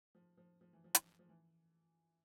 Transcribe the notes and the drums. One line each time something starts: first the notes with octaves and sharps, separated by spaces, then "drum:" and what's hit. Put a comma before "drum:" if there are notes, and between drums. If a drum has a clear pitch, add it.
F3
F3
F3
E3
F3
drum: hi-hat
F3
E3